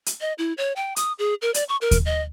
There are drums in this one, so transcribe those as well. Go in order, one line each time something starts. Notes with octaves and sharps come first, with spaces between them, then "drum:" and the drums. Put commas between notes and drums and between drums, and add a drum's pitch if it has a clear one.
drum: hi-hat
D#5
E4
C#5
G5
D#6, drum: hi-hat
G#4
A#4
D5, drum: hi-hat
C#6
A#4
drum: kick D#2, hi-hat
D#5